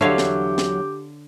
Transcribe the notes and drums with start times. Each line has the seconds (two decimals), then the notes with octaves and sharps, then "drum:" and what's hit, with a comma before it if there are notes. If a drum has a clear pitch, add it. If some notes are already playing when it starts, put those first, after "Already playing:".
0.01 E2 D3 F#3 G4 C#5 E5 F5
0.18 drum: snare
0.58 drum: snare